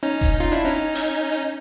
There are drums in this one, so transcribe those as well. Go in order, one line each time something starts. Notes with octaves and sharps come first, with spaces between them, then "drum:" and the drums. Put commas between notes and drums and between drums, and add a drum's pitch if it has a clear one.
C#4 D#4
drum: kick E1, hi-hat
D#4 F4, drum: hi-hat
D4 E4
C#4 D#4
drum: open hi-hat
drum: hi-hat